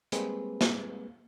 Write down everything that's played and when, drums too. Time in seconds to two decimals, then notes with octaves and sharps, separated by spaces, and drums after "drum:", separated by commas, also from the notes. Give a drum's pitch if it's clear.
0.12 G3 G#3 A#3 C4 G#4 B4, drum: hi-hat
0.61 drum: snare